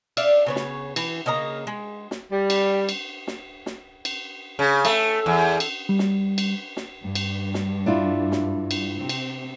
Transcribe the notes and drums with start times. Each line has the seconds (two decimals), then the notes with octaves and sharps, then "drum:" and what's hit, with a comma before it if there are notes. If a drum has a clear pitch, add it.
0.17 D5 E5 F5, drum: cymbal
0.46 C#3 B3 C#5
0.56 drum: snare
0.96 E3, drum: cymbal
1.26 C#3 A#3 D#5 A#5
1.67 G#3
2.11 drum: snare
2.32 G3
2.50 drum: cymbal
2.89 drum: cymbal
3.27 drum: snare
3.66 drum: snare
4.05 drum: cymbal
4.59 C#3
4.85 A3, drum: cymbal
5.26 E2
5.60 drum: cymbal
5.89 G3
5.99 drum: snare
6.38 drum: cymbal
6.77 drum: snare
7.02 G2
7.15 drum: cymbal
7.54 drum: snare
7.86 D4 E4 F4
8.32 drum: snare
8.71 drum: cymbal
8.97 C3 C4
9.09 drum: cymbal